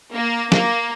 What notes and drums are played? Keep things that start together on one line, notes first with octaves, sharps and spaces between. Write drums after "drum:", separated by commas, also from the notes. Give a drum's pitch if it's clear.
A#3
A#3, drum: snare